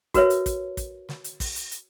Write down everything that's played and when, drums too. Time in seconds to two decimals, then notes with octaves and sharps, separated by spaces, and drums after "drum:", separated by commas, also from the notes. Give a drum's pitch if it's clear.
0.14 F#4 A#4 B4 C#5 E5, drum: kick, hi-hat
0.30 drum: hi-hat
0.46 drum: kick, hi-hat
0.77 drum: kick, hi-hat
1.09 drum: snare
1.24 drum: hi-hat
1.40 drum: kick, open hi-hat
1.56 drum: hi-hat
1.71 drum: hi-hat